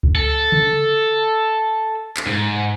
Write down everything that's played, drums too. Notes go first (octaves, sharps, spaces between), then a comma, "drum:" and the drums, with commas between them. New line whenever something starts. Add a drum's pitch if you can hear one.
drum: kick C#2
A4
drum: tom C#3
drum: clap
G#2